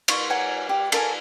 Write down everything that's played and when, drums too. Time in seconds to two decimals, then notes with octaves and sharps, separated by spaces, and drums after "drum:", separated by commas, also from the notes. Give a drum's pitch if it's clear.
0.08 D5 C6 C#6, drum: cymbal
0.30 C#5 F#5 G#5 A#5
0.69 G4
0.92 A4 A#4 C#5 G#5, drum: cymbal